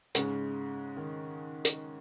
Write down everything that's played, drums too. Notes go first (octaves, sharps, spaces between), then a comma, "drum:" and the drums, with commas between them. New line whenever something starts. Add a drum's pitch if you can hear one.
G#2 C#3 G#3 C#4, drum: hi-hat
D#3
drum: hi-hat